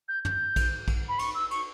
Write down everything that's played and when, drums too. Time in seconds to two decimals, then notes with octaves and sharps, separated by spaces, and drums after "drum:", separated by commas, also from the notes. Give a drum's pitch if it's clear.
0.08 G6
0.25 G6, drum: tom
0.56 drum: kick, cymbal
0.88 drum: kick, cymbal
1.09 B5
1.19 C#6, drum: cymbal
1.35 E6
1.51 C#6, drum: cymbal